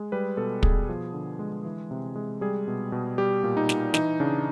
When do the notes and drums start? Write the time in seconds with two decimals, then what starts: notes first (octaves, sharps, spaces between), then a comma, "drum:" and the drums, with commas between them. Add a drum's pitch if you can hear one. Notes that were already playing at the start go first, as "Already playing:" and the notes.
Already playing: G#3
0.12 G3 B4
0.37 B2 A4
0.63 B2 G#4, drum: kick
0.89 F3
1.13 D3
1.39 G#3
1.65 E3
1.91 C3
2.16 G#3
2.41 G3 G#4
2.68 B2
2.92 B2
3.18 G3 G4
3.44 A#2
3.57 D#4
3.69 A#2, drum: snare
3.94 E3 D#4, drum: snare
4.20 C#3 D4